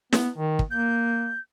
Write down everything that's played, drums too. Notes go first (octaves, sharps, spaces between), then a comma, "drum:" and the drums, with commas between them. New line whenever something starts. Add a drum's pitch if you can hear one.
B3, drum: snare
D#3
drum: kick
A#3 G6